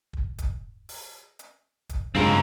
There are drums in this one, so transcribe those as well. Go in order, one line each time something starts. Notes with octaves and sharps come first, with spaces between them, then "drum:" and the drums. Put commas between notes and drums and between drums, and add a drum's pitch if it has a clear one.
drum: kick
drum: kick, hi-hat
drum: open hi-hat
drum: hi-hat
drum: kick, hi-hat
G2 C#3 G#3 C4 F4 A#4